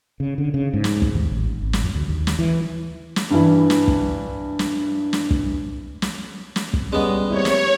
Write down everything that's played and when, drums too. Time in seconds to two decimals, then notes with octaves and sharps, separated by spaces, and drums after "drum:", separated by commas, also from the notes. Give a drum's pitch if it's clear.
0.20 C#3
0.38 D3
0.54 C#3
0.74 G#2
0.84 drum: snare
1.02 drum: kick
1.14 D#2
1.32 A1
1.62 G#1
1.73 drum: snare
1.83 F2
1.95 D2
2.09 D#2
2.27 drum: snare
2.39 E3
3.16 drum: snare
3.31 G2 E3
3.70 drum: snare
3.88 drum: kick
4.59 drum: snare
5.13 drum: snare
5.31 drum: kick
6.02 drum: snare
6.56 drum: snare
6.74 drum: kick
6.93 G3 G#3 B3 C#4 G#4 D#5
7.30 A#3 C4 E4 C#5
7.45 drum: snare